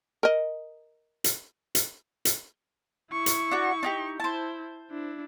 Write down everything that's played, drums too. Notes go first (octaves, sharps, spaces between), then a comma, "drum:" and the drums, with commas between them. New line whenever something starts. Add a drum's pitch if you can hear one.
A#4 D#5
drum: hi-hat
drum: hi-hat
drum: hi-hat
E4 C#6
drum: hi-hat
D4 F#4
D4 D#4 G4
E4 C5 A5
D4 E4